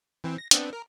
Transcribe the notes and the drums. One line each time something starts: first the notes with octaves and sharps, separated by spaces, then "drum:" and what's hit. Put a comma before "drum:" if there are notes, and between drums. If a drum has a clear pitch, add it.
E3 C4
A#6
B3 C4 D4, drum: hi-hat
A#4